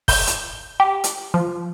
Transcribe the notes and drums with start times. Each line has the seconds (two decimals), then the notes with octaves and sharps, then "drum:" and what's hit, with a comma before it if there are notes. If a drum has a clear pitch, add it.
0.08 G6, drum: kick, open hi-hat
0.27 drum: hi-hat
0.80 G4
1.04 drum: hi-hat
1.34 F3